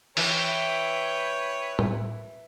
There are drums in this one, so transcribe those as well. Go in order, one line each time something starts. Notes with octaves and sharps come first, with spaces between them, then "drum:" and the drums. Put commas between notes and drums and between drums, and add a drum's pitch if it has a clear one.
E3 B4 C#5 G5, drum: open hi-hat
drum: tom A2